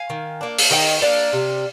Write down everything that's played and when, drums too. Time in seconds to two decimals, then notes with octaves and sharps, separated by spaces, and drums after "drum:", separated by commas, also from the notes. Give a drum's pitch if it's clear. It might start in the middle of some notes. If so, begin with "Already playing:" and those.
Already playing: F5 G#5
0.10 D#3
0.41 A#3 D4
0.59 drum: open hi-hat
0.71 D#3 D#5 G5
1.02 A#3 D4 D5 F5
1.33 C3